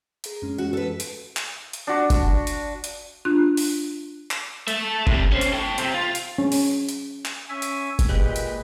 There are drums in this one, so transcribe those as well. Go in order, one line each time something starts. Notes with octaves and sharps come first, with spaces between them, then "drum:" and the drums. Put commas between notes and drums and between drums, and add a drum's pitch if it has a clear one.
G#4 A#5, drum: hi-hat
F#2 G#3 C#4
F#4
A4 B4
drum: hi-hat
drum: clap
drum: hi-hat
D4 F#4
drum: kick, hi-hat
drum: hi-hat
drum: hi-hat
D4 F4 F#6
drum: open hi-hat
drum: clap
A4 E5, drum: hi-hat
C3 G3, drum: kick
C#4 C5
drum: hi-hat
A4 G5
C4 G4, drum: hi-hat
F4
drum: hi-hat
C#4
drum: open hi-hat
drum: hi-hat
drum: clap
C#4 E5 G#5
drum: hi-hat
drum: kick, hi-hat
A#2 G#3 G4 B4
drum: hi-hat